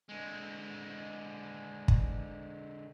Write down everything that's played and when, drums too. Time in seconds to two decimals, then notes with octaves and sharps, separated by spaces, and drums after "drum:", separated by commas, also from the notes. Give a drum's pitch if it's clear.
0.09 D3 G#3
1.88 drum: kick